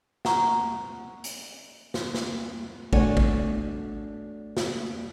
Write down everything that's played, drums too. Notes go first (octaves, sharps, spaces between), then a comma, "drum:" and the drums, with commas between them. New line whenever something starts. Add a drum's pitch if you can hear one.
F#5 A#5 C#6, drum: snare
drum: hi-hat
drum: snare
drum: snare
A3 D4 F#4 C#5 G#5, drum: kick
drum: kick
drum: snare